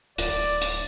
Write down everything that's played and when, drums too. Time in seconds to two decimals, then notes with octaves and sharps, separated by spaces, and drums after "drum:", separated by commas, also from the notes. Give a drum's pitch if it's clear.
0.18 D1 D5, drum: hi-hat
0.62 drum: hi-hat